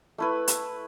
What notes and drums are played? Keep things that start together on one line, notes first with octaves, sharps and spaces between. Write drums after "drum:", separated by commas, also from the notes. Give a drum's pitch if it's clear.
A3 E4 B4
drum: hi-hat